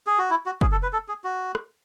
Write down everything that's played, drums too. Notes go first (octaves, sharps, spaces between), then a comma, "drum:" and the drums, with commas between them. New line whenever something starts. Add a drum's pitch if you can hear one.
G#4
F#4
E4
F#4
G#4, drum: kick
A4
B4
A4
G#4
F#4
drum: rim click